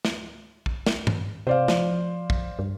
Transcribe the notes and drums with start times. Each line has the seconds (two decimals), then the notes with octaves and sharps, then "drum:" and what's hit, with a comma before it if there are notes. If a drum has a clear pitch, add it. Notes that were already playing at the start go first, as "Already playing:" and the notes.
0.05 drum: snare
0.66 drum: kick
0.86 drum: snare
1.07 drum: tom G2
1.47 C3 C5 D5 F5
1.68 F3, drum: snare
2.30 drum: kick
2.59 G2